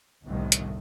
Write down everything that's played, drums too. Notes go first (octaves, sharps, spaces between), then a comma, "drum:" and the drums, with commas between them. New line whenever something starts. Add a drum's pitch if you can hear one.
G1 C2 A2 D#3
drum: hi-hat